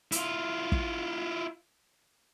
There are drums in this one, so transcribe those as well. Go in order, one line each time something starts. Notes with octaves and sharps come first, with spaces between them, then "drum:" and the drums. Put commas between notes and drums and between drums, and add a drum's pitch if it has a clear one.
E4 F4, drum: hi-hat
drum: kick